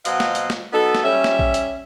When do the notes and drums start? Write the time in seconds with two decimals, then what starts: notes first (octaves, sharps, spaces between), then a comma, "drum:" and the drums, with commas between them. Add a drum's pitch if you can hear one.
0.05 B2 F#3 C5 D#5 F5 F#5, drum: hi-hat
0.20 drum: snare
0.35 drum: hi-hat
0.50 drum: snare
0.73 F#3 B3 D#4 A4
0.95 drum: snare
1.04 G3 C#4 E5
1.24 drum: snare
1.39 drum: kick A#1
1.54 drum: hi-hat